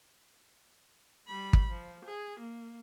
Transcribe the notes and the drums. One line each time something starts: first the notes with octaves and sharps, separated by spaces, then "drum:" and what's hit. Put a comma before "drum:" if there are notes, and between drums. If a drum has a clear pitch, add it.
G3 B5
drum: kick
F3
G#4
A#3